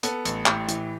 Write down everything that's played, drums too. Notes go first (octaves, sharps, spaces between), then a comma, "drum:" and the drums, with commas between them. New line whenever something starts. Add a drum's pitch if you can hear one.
B3 A4, drum: hi-hat
A1, drum: hi-hat
A2 G4, drum: clap
E3, drum: hi-hat